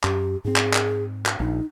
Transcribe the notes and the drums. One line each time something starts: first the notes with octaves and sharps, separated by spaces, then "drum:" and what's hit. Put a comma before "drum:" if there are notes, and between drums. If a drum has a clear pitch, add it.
F#2 G4, drum: clap
G#2 C4 G#4
drum: clap
drum: clap
drum: clap
A#1 D#4